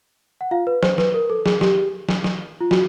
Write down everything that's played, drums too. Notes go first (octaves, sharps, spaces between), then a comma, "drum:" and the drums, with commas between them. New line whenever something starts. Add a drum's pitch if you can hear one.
F#5
F4 F5
B4
C5, drum: snare
B4, drum: snare
A#4
A4
G#4, drum: snare
G4, drum: snare
drum: snare
drum: snare
F4
F#4, drum: snare